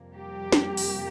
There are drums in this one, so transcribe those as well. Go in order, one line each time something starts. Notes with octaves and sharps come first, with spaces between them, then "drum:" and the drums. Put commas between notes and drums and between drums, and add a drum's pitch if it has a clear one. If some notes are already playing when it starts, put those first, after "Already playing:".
Already playing: F2 C3 G3 A#3
G4
drum: snare
drum: open hi-hat